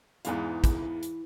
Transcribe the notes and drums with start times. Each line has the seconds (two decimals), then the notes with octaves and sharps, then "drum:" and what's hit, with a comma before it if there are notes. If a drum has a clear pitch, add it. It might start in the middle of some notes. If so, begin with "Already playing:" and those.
0.25 E2 G#2 E3 F5, drum: hi-hat
0.64 drum: kick, hi-hat
1.03 drum: hi-hat